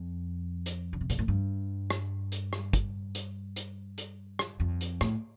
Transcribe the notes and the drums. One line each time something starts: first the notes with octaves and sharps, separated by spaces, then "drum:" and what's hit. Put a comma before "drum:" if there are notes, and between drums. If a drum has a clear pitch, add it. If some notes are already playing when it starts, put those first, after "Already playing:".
Already playing: F2
drum: hi-hat
D3
C3
A#2, drum: hi-hat
A2
G2
drum: rim click
drum: hi-hat
drum: rim click
drum: kick, hi-hat
drum: hi-hat
drum: hi-hat
drum: hi-hat
drum: rim click
F2
drum: hi-hat
A2, drum: rim click